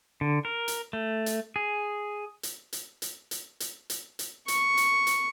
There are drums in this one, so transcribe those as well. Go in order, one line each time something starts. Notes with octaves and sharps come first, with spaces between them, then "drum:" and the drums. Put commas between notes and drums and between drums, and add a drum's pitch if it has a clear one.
D3
A#4
drum: hi-hat
A3
drum: hi-hat
G#4
drum: hi-hat
drum: hi-hat
drum: hi-hat
drum: hi-hat
drum: hi-hat
drum: hi-hat
drum: hi-hat
C#6, drum: hi-hat
drum: hi-hat
drum: hi-hat